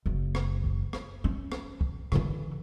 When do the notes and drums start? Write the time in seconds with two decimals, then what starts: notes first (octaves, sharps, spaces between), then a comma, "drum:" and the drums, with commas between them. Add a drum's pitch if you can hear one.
0.06 F#1
0.35 drum: rim click
0.64 drum: kick
0.93 drum: rim click
1.24 C#4
1.52 drum: rim click
1.81 drum: kick
2.12 D3 E3, drum: rim click